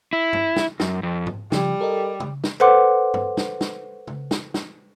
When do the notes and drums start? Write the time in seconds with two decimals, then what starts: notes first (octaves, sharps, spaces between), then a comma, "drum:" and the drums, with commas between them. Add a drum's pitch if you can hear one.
0.13 E4
0.33 drum: tom G2
0.56 drum: snare
0.80 F#2, drum: snare
1.03 F2
1.27 drum: tom G#2
1.52 C#3 F3 G3, drum: snare
1.81 A4 A#4 D#5
2.20 drum: tom
2.44 drum: snare
2.60 A4 B4 C5 F#5 C6 D6
3.14 drum: tom G2
3.37 drum: snare
3.61 drum: snare
4.07 drum: tom
4.31 drum: snare
4.54 drum: snare